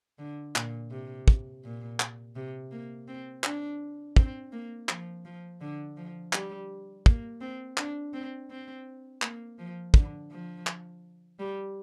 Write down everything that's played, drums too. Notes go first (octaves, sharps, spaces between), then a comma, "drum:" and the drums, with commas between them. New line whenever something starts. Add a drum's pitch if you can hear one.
D3
A#2, drum: clap
C3
drum: kick
A#2
drum: clap
C3
A#3
C4
D4, drum: clap
C4, drum: kick
A#3
F3, drum: clap
F3
D3
F3
G3, drum: clap
A#3, drum: kick
C4
D4, drum: clap
C4
C4
A#3, drum: clap
F3
D3, drum: kick
F3
drum: clap
G3